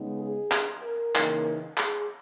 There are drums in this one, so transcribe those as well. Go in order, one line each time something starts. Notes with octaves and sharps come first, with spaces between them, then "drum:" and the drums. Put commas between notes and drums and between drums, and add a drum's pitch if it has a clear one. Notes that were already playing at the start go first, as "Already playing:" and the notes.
Already playing: C#3 G#3 B3 D#4
G#4
drum: clap
A#4
C#3 E3 A#3 D#4, drum: clap
G#4, drum: clap